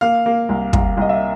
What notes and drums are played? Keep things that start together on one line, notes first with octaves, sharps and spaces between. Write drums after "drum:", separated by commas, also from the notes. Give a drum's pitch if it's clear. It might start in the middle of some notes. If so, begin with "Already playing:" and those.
A#3 F5
A#3
C2
C2, drum: kick
C2 D#5
E5